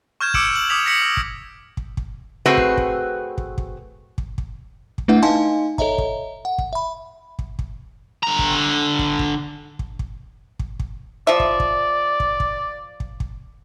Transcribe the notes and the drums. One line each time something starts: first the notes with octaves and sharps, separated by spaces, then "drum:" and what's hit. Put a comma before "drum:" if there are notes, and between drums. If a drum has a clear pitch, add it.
C#6 F6 G6 G#6 E7
D6 E6 C#7 D7 E7 F#7, drum: kick
F#7
D6 D#6 G#6 B6 F7
A#6 B6 C#7 F7 F#7
E6
drum: kick
drum: kick
drum: kick
A3 C4 F#4 G#4 B4
drum: kick
drum: kick
drum: kick
drum: kick
drum: kick
drum: kick
drum: kick
A3 D4 E4 B4 E5 F#5
D#4 D#5 F5 G#5 A5 C6
A4 C#5 D#5 E5 A#5, drum: kick
drum: kick
F#5
drum: kick
E5 B5
drum: kick
drum: kick
D3 A#5
drum: kick
drum: kick
drum: kick
drum: kick
drum: kick
drum: kick
drum: kick
F3 D5 E5
drum: kick
drum: kick
drum: kick
drum: kick
drum: kick
drum: kick